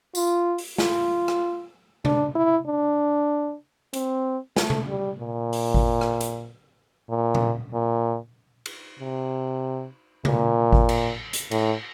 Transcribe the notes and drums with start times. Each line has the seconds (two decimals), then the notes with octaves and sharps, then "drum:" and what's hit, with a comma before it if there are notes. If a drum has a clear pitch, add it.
0.15 F4, drum: tambourine
0.58 drum: open hi-hat
0.78 F4, drum: snare
1.28 drum: rim click
2.05 D4, drum: tom C3
2.35 E4
2.67 D4
3.93 C4, drum: hi-hat
4.56 A3, drum: snare
4.70 drum: tom C3
4.88 G3
5.19 A#2
5.53 drum: open hi-hat
5.74 drum: kick G#1
6.01 drum: rim click
6.21 drum: hi-hat
7.10 A#2
7.35 drum: tom A#2
7.73 A#2
8.66 drum: cymbal
8.99 C3
10.25 A#2, drum: tom C3
10.73 drum: kick G#1
10.89 drum: cymbal
11.33 drum: hi-hat
11.51 A2, drum: cymbal